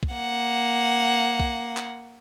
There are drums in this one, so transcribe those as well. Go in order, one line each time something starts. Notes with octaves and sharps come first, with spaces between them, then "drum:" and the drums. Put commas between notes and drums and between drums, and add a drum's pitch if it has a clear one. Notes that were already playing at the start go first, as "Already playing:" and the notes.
drum: kick
A#3 F#5
drum: kick
drum: clap